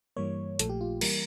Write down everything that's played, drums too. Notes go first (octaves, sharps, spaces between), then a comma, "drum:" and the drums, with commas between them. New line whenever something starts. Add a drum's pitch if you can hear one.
G2 E3 G3 A#3 C#5
A#1 A#2 F3 A3 A4, drum: hi-hat
G4
F4
E3 G3 A#3 A#4, drum: cymbal